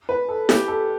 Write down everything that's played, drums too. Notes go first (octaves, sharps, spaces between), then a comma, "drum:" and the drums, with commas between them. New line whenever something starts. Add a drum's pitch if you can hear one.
B4
A4
G4, drum: snare E4
A4